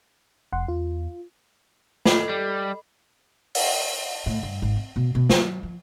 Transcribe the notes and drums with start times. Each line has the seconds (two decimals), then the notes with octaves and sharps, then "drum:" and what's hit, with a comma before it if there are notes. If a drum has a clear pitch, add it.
0.52 F1 F2 F#5 C6
0.68 E2 F4
2.05 A4 D#5 B5, drum: snare
2.29 G3
3.55 drum: open hi-hat
4.26 A2
4.43 G2
4.62 G#1
4.76 C4
4.96 B2
5.15 B2
5.29 F#3, drum: snare
5.63 F3